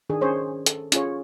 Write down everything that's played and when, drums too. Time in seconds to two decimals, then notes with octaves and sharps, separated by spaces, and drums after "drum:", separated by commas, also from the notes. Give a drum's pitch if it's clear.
0.10 D#3 D4 G#4
0.21 C#4 G#4 C5 C#5
0.66 A4, drum: hi-hat
0.92 C#4 F4 G#4 C#5, drum: hi-hat